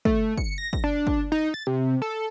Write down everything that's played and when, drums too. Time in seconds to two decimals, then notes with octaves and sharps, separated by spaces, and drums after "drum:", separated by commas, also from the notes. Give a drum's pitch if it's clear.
0.05 A3, drum: kick
0.38 C#7, drum: kick
0.58 A#6
0.73 drum: kick
0.84 D4
1.07 drum: kick
1.32 D#4
1.54 A6
1.67 C3
2.02 A4